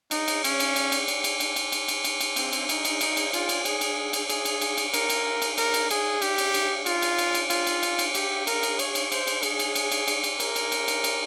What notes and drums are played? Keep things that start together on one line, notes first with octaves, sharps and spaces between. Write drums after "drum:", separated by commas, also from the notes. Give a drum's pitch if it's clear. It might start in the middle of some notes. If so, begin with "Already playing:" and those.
D#4, drum: cymbal
drum: cymbal
C#4, drum: cymbal
drum: cymbal
drum: cymbal
drum: cymbal
drum: cymbal
drum: cymbal
drum: cymbal
drum: cymbal
drum: cymbal
drum: cymbal
drum: cymbal
drum: cymbal
C4, drum: cymbal
drum: cymbal
D#4, drum: cymbal
drum: cymbal
D#4, drum: cymbal
drum: cymbal
F4, drum: cymbal
drum: cymbal
G#4, drum: cymbal
drum: cymbal
drum: cymbal
G#4, drum: cymbal
drum: cymbal
drum: cymbal
drum: cymbal
A#4, drum: cymbal
drum: cymbal
drum: cymbal
A#4, drum: cymbal
drum: cymbal
G#4, drum: cymbal
G4, drum: cymbal
drum: cymbal
drum: cymbal
F4, drum: cymbal
drum: cymbal
drum: cymbal
drum: cymbal
F4, drum: cymbal
drum: cymbal
drum: cymbal
drum: cymbal
G4, drum: cymbal
A#4, drum: cymbal
drum: cymbal
C#5, drum: cymbal
drum: cymbal
C5, drum: cymbal
drum: cymbal
G#4, drum: cymbal
drum: cymbal
drum: cymbal
drum: cymbal
drum: cymbal
drum: cymbal
A#4, drum: cymbal
drum: cymbal
drum: cymbal
drum: cymbal
drum: cymbal